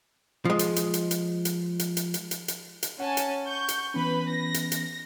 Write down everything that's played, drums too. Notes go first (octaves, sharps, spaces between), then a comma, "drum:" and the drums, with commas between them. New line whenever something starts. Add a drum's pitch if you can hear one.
F3 G#3
drum: hi-hat
drum: hi-hat
drum: hi-hat
drum: hi-hat
drum: hi-hat
drum: hi-hat
drum: hi-hat
drum: hi-hat
drum: hi-hat
drum: hi-hat
drum: hi-hat
C#4 F#5 G#5 A5
drum: hi-hat
C#6 G6
drum: hi-hat
E3 B3 C#4 B4 B5
A#6
drum: hi-hat
drum: hi-hat